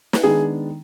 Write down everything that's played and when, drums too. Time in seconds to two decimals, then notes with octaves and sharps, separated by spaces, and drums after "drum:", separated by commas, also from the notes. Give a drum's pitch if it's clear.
0.13 drum: snare
0.23 D#3 G#3 B3 D4 G#4